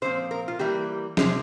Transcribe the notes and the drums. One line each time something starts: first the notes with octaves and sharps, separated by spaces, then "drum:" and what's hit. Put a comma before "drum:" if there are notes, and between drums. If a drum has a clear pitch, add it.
A#2 F3 C4 C5
A#4
F4
E3 G3 A#3 G4
C3 F3 G#3 C4 G#4, drum: snare